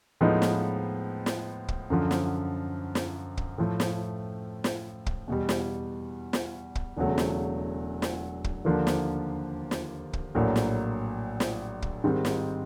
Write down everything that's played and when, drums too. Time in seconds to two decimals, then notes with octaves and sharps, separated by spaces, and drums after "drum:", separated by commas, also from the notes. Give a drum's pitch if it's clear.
0.21 A2 F3 G#3 B3 D#4
0.42 drum: snare
1.26 drum: snare
1.68 drum: kick
1.90 F#2 D3 F3
2.11 drum: snare
2.95 drum: snare
3.37 drum: kick
3.58 A2 F3 A3
3.80 drum: snare
4.64 drum: snare
5.06 drum: kick
5.28 E2 B2 G3
5.49 drum: snare
6.33 drum: snare
6.75 drum: kick
6.97 E1 E2 C#3 F#3 A3
7.18 drum: snare
8.02 drum: snare
8.44 drum: kick
8.65 D#2 D3 F3 A#3 D4
8.87 drum: snare
9.71 drum: snare
10.13 drum: kick
10.35 A#1 A2 F#3 A#3
10.56 drum: snare
11.40 drum: snare
11.82 drum: kick
12.04 G#2 D#3 G3 C4
12.25 drum: snare